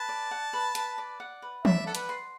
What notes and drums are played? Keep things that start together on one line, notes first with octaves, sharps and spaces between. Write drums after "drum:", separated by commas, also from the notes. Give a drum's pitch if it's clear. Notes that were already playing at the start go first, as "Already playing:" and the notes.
Already playing: B4 A5
D5
F#5
B4
B4, drum: hi-hat
D5
F#5
B4
D5 E5, drum: tom E3
A4 F#5
B4, drum: hi-hat
C6